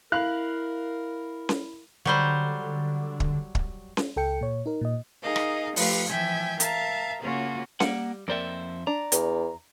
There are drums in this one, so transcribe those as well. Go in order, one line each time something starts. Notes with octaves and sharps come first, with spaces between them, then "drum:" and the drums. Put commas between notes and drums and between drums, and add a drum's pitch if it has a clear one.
E4 A#4 F5 B5 F#6
drum: snare C#4
D3 F#3 G3 C5
drum: kick
drum: kick
drum: snare C#4
C#2 A4 G5 C#7
A#2 C#5
D#4 A#4
A#2 D#5
D#4 G#4 A#4 D#5 F5
drum: rim click
F3 A3 F4 G4 B4 F5, drum: open hi-hat
E3 F3 E5 G5 G#5 G#6
A#4 E5 F5 A5 A#5, drum: hi-hat
C#3 A#3 C#4 F4 F#4
G3 A#3 F5 F#5, drum: snare C#4
F2 A#3 C5 D5 E5 G5
D4 A#5
E2, drum: hi-hat